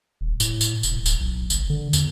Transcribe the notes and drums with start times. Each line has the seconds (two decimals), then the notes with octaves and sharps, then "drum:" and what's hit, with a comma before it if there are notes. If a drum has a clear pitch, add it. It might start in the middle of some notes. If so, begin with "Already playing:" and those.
0.21 D#1
0.40 A2, drum: tambourine
0.61 drum: tambourine
0.83 E1, drum: tambourine
0.97 D1
1.06 drum: tambourine
1.20 B1
1.50 F#1, drum: tambourine
1.70 D3
1.93 E2, drum: tambourine